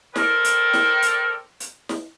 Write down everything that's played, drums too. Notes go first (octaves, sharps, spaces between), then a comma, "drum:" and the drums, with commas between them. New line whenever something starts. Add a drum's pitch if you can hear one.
A4 A#4 C5 D5 G5, drum: snare
drum: hi-hat
drum: snare
drum: hi-hat
drum: hi-hat
drum: snare